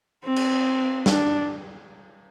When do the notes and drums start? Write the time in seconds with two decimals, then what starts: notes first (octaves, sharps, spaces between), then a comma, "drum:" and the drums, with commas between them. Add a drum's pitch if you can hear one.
0.24 C4
0.36 drum: cymbal
1.06 D4, drum: snare